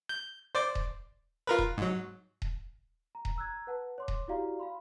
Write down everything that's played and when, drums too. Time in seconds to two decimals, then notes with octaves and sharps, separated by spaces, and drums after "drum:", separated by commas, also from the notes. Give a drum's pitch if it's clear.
0.09 G6
0.55 C5 D5 D6
0.75 drum: kick D#1
1.47 F4 A#4 B4
1.59 drum: kick D#1
1.77 G#2 F#3
2.42 drum: kick D#1
3.15 A#5
3.25 drum: kick D#1
3.36 A#5 E6 F#6 G#6
3.67 B4 F#5 A5
3.98 C#5 C6 D6
4.08 drum: kick D#1
4.28 E4 F#4 G4 D5 F5 A#5
4.59 F5 B5 C6